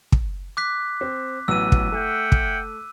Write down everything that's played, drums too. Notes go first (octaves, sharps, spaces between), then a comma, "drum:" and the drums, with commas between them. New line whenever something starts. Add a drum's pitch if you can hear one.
drum: kick
D6 F#6 B6
C4
A1 F#3 B3 E6 D#7
drum: kick
A3 E5 F#5 G5
drum: kick